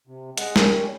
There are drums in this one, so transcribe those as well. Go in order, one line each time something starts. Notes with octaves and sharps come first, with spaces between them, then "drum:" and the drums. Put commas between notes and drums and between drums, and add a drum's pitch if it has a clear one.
C3
G#3 D#5 F#5, drum: hi-hat
G3 C#4 A#4, drum: snare